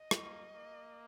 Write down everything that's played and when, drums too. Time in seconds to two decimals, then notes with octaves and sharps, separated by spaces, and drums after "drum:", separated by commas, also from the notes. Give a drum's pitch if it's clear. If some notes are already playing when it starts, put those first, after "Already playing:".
Already playing: D#5
0.11 drum: rim click
0.24 A#3
0.54 A#3